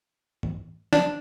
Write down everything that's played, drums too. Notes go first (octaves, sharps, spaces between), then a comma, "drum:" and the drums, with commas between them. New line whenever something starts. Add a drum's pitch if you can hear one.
drum: tom G#2
D4, drum: snare